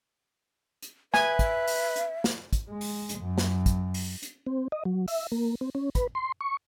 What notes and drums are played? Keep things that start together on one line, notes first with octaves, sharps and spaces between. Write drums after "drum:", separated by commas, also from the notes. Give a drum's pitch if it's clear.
drum: hi-hat
B4 E5 G#5, drum: snare
drum: kick, hi-hat
drum: open hi-hat
drum: hi-hat
drum: snare
drum: kick, hi-hat
G#3
drum: open hi-hat
drum: hi-hat
F#2
drum: snare
drum: kick, hi-hat
drum: open hi-hat
drum: hi-hat
C4
D#5
F#3
E5, drum: open hi-hat
A#3
C4
C#4
B4, drum: kick, hi-hat
C6
C#6